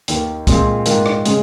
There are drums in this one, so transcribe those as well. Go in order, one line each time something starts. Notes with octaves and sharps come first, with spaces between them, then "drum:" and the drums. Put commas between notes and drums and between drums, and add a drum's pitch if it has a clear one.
D#2 D#3 A#3, drum: hi-hat
A#2 G#3 C4 F4, drum: kick, hi-hat
G#2 D#3 A#3 F4, drum: hi-hat
drum: rim click
C#3 G#3, drum: hi-hat